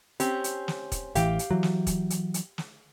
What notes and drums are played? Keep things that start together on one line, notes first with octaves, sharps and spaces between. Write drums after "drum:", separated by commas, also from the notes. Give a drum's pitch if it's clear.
C4 C#4 G4, drum: hi-hat
drum: hi-hat
drum: snare
drum: kick, hi-hat
A1 E3 G4 F5 G5, drum: hi-hat
drum: hi-hat
E3 F#3
drum: snare
drum: kick, hi-hat
drum: hi-hat
drum: hi-hat
drum: snare